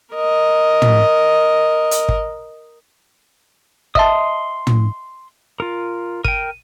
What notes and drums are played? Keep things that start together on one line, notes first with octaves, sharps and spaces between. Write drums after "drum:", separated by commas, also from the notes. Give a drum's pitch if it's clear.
A#4 D#5
drum: tom
drum: hi-hat
drum: kick
D#5 E5 A5 C6 D#6, drum: kick
drum: tom
F4 A#4
A#4 G5 D#7, drum: kick